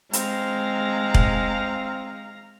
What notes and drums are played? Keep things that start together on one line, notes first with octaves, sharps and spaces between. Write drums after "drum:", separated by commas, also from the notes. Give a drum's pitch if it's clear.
G#3 C4 F5 A#5, drum: hi-hat
drum: kick E1